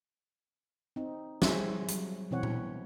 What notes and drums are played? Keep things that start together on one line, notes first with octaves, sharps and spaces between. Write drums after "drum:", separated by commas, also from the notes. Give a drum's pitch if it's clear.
C4 D#4
G3 C4 G#4 C5 C#5 E5, drum: snare
F#3, drum: hi-hat
B2 E3 C4 C#5 F#5
drum: tom A#2